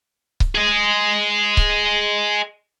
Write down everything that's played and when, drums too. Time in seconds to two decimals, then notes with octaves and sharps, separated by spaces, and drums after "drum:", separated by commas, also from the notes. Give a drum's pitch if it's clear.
0.40 drum: kick C#1
0.55 G#4 D#5
1.57 drum: kick C#1